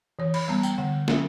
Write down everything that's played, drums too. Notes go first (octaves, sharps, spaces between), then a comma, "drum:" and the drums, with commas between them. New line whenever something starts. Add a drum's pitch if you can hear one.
E3 C#5
B5, drum: cymbal
G3 B3 A#5
G5, drum: tambourine
D3 F#5
F#3 C#4 E5, drum: snare